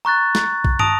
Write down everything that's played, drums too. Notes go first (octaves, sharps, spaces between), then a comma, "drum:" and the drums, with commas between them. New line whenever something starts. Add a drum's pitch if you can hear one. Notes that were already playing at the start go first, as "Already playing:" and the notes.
A#5 C#6 F#6 A6
drum: snare
drum: kick A#1
A5 D#6 A#6 D7 F7, drum: tom